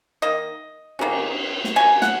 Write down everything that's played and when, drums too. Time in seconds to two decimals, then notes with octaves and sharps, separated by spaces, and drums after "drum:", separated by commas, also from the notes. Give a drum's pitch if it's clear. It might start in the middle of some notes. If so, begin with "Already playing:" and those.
0.22 D#3 A#3 D#5
0.99 D#3 A#3 C#4, drum: cymbal
1.64 drum: snare
1.76 F#3 A#3 C#4 G#5
2.02 F#5, drum: snare